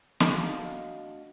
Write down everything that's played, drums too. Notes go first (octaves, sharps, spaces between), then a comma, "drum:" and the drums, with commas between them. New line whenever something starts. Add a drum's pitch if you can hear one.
D2 D4 F#4 D#5 F5, drum: snare